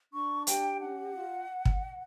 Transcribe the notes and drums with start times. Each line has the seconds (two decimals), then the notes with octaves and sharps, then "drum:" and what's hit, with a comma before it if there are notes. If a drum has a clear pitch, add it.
0.12 D4 C#6
0.47 G4 G5, drum: hi-hat
0.80 C#4 F#5
1.14 F4
1.65 drum: kick